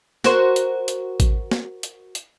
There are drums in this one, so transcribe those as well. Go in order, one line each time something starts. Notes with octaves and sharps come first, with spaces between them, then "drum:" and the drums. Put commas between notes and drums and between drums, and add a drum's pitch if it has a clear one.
F#4 A#4 C5, drum: snare
drum: hi-hat
drum: hi-hat
drum: kick A1, hi-hat
drum: snare
drum: hi-hat
drum: hi-hat